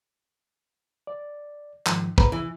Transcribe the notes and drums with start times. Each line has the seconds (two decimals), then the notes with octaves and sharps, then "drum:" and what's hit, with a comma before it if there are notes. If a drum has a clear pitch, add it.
1.07 D5
1.86 G#2 D#3 F3, drum: clap
2.18 B4 A#5 B5, drum: kick
2.32 E3 E4